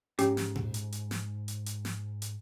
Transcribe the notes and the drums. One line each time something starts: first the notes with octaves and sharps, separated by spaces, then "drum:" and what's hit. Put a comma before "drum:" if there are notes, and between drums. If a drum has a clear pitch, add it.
G#2 C#4 G4, drum: hi-hat
drum: snare
drum: tom A#2
drum: hi-hat
drum: hi-hat
drum: snare
drum: hi-hat
drum: hi-hat
drum: snare
drum: hi-hat